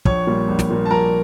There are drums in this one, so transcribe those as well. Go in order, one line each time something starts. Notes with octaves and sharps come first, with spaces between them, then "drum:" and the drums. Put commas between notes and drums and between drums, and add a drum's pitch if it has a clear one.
A#1 C#5 C#6, drum: kick
A#2 G3 A#3
A#1
drum: snare
A#2 G3 A#3
A5
A#1 A#4 A#5